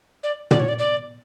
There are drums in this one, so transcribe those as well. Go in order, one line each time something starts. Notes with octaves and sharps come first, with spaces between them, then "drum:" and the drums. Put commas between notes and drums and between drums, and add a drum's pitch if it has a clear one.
D5
D5, drum: tom
C#5
D5
D5